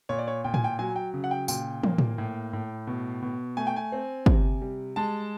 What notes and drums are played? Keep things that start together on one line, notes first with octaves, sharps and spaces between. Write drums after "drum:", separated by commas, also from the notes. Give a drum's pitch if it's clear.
A#2 C#5
D5
C#5
A#2 G5
G#5, drum: tom A2
G5
F#3 G#5
G5
C#3
F#5
G5
A#2 G5, drum: tambourine
A#3, drum: tom
drum: tom A2
A2
A2
B2
B2
A3 G#5
G5
G#5
C4
C3, drum: kick
G3
G#3 A5